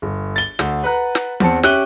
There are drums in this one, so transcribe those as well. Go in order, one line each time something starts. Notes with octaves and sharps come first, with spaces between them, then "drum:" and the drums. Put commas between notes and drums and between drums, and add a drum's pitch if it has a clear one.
G1
A6 G7, drum: hi-hat
D2, drum: snare
B4 F#5 A#5 F#6
drum: snare
E2 C4 A5 C#7, drum: tom E3
C#4 G4 E5 F#6 D#7 G7, drum: snare